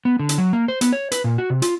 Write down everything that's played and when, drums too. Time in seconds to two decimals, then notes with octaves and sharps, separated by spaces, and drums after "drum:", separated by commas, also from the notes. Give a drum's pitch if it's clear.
0.05 B3
0.19 D3
0.29 drum: hi-hat
0.38 F#3
0.53 A#3
0.68 C5
0.81 B3, drum: hi-hat
0.93 C#5
1.12 B4, drum: hi-hat
1.24 A#2
1.38 F#4
1.50 C3
1.62 F4, drum: hi-hat